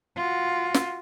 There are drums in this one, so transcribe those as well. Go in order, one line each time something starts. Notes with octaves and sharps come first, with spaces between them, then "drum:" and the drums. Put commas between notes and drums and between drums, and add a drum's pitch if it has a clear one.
F4 F#4
drum: snare